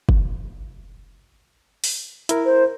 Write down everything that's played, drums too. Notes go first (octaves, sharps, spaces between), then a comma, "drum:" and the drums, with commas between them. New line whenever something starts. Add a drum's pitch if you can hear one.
drum: kick
drum: open hi-hat
E4 A#4, drum: hi-hat
C5